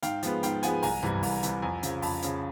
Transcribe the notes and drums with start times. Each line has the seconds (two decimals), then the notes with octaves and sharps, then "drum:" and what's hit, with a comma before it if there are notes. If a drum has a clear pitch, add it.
0.03 G#2 F5 G5, drum: hi-hat
0.23 F3 G#3 B3, drum: hi-hat
0.43 G#2 F5 G5, drum: hi-hat
0.63 F3 G#3 B3 F#5 G#5, drum: hi-hat
0.83 C2 G#5 A#5, drum: open hi-hat
1.03 C3 E3 G3, drum: tom G2
1.23 C2, drum: open hi-hat
1.43 C3 E3 G3, drum: hi-hat
1.62 F2 G#5 A#5
1.83 C#3 F3, drum: hi-hat
2.02 F2 A5 B5, drum: open hi-hat
2.22 C#3 F3, drum: hi-hat